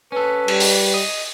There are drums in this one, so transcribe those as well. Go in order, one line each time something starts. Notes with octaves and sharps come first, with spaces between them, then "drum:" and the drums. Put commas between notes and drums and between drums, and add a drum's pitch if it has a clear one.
C#4 A4 B4
G3, drum: cymbal
drum: open hi-hat
D#5